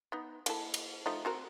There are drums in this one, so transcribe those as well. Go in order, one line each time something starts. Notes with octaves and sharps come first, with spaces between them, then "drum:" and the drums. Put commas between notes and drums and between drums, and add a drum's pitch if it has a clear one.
B3 D#4
A#3 E4 A4, drum: cymbal
drum: cymbal
F3 A3 D#4
C4 F#4 A#4